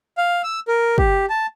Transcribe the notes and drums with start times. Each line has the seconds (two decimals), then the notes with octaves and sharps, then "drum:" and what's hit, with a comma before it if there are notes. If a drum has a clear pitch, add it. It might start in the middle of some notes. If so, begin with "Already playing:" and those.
0.17 F5
0.43 E6
0.68 A#4
0.98 G4, drum: kick
1.30 A5